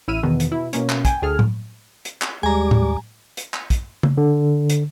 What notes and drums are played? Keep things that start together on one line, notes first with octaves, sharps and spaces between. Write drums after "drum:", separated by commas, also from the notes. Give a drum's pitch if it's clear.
A1 E4 E6 F6 D#7
E2 B2 D#3
drum: hi-hat
B2 E4
B2 A#3 C#4, drum: hi-hat
drum: clap
G5 G#5, drum: kick, hi-hat
D2 G#4 A4 F6
drum: tom A2
drum: hi-hat
drum: clap
D#2 G3 G#3 G#5 A#5 D6
drum: tom A2
drum: hi-hat
drum: clap
drum: kick, hi-hat
drum: tom C#3
D3
drum: hi-hat